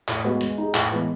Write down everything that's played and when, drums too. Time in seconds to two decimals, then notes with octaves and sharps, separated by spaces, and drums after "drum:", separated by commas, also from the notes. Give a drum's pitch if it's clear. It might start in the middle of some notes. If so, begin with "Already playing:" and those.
0.08 A2, drum: clap
0.24 G#3 B3 F#4
0.41 G#3, drum: hi-hat
0.58 D#4 G#4
0.74 A2, drum: clap
0.92 E3 G#3 B3